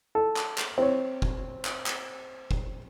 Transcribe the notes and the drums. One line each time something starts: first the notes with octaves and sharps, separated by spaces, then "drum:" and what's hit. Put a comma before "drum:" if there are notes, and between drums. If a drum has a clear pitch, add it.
A4
drum: clap
drum: clap
C4 C#5
drum: kick F1
drum: clap
drum: clap
drum: kick F1